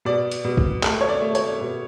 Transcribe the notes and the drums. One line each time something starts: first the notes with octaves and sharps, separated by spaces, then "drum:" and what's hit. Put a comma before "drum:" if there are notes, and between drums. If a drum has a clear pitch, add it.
B2 D5
drum: hi-hat
B2
drum: kick
A3, drum: clap
C#5
D5
A3
C#5, drum: hi-hat
B2